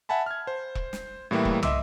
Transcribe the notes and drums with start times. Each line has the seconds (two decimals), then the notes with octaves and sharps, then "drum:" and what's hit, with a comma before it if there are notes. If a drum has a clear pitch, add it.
0.09 E5 F#5 G#5 A5 B5
0.26 F6 G#6
0.47 C5
0.75 drum: kick E1
0.93 drum: snare
1.31 A2 E3 G3 A#3 E4
1.45 drum: kick E1
1.63 D#5 E5 C6 D6 E6, drum: tom